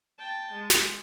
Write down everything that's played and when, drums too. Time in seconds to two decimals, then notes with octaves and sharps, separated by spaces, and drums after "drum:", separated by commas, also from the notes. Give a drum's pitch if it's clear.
0.18 G5 A5
0.53 G#3
0.70 drum: snare